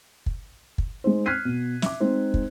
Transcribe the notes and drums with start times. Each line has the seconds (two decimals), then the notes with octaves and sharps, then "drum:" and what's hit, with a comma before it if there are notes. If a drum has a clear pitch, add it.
0.26 drum: kick
0.78 drum: kick
1.04 G#3 D#4 C5
1.26 F6 F#6 G#6 B6 C7 D#7
1.45 B2
1.82 E5 D6, drum: snare
2.00 G#3 C4 D#4 C5
2.34 drum: kick